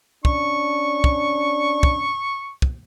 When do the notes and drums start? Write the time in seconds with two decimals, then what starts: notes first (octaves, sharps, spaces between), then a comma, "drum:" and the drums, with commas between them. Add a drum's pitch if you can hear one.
0.25 C#4 D4 C#6, drum: kick
1.04 drum: kick
1.83 drum: kick
2.62 drum: kick